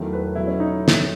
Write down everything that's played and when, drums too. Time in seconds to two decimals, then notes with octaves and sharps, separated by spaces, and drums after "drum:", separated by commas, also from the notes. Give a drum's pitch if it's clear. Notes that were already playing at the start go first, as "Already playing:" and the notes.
Already playing: E2 D#3 F#3 A3
0.13 B4
0.35 B2 F#3 A3 E4
0.47 C#4
0.60 D#4
0.88 drum: snare